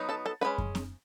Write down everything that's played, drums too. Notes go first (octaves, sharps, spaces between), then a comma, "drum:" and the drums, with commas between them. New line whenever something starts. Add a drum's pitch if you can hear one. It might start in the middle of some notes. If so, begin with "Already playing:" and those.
Already playing: F#3 B3 D#4
A4 A5
A4 A5
D#3 G#3 C#4 B4 B5
drum: kick F#2
drum: snare C4